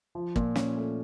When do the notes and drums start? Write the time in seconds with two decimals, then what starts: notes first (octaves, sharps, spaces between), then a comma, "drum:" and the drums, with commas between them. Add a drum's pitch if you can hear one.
0.15 F3
0.36 A#2, drum: kick
0.56 C#4, drum: snare
0.77 A3